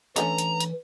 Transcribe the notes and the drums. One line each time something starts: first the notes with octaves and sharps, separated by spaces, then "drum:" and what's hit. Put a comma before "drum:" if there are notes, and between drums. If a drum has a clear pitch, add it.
D3 E3 A3 C#4 A#5, drum: hi-hat
drum: hi-hat
drum: hi-hat